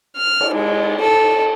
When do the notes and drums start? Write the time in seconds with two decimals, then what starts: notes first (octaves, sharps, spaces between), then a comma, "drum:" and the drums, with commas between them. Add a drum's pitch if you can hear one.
0.17 F6
0.41 drum: cymbal
0.54 G#3
1.01 A4